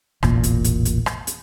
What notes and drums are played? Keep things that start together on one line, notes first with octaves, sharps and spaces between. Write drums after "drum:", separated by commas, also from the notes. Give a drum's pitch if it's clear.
E1 A1 A#2, drum: rim click
drum: hi-hat
drum: hi-hat
drum: hi-hat
drum: rim click
drum: hi-hat